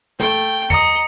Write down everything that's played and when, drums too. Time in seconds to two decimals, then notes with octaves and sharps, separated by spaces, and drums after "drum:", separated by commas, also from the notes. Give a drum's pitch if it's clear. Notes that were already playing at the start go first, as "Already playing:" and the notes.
0.20 A3 G5, drum: snare
0.70 D#5 A#5 D#6 C#7, drum: tom